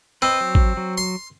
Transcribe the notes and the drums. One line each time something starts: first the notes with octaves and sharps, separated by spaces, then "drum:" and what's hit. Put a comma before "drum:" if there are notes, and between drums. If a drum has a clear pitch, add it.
C4 B4 D#5
F#3
drum: kick
F#3
C6